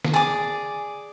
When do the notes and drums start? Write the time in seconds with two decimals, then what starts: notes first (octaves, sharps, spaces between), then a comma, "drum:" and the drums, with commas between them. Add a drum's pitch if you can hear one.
0.05 drum: snare
0.14 G#4 D5 G#5 D6